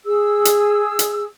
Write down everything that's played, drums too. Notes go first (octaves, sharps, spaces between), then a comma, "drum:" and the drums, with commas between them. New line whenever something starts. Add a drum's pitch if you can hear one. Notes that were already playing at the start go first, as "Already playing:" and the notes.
G#4 E6
drum: hi-hat
drum: hi-hat